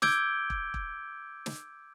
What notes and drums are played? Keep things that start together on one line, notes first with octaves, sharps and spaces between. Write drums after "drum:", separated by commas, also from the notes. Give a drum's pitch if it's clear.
D6 E6 G6 G#6 D7 G7, drum: snare
drum: kick E1
drum: kick E1
drum: snare